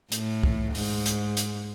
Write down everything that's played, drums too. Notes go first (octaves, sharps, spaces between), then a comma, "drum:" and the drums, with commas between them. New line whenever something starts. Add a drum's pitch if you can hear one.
A2, drum: hi-hat
drum: kick
G#2, drum: open hi-hat
drum: hi-hat
drum: hi-hat